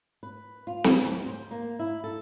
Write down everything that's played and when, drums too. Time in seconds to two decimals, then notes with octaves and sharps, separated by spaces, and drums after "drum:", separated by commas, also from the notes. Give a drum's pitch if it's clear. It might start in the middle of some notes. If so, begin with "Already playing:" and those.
0.23 B4
0.67 F4
0.84 drum: snare
1.01 D2
1.26 C5
1.51 A#3
1.79 E4
2.04 A4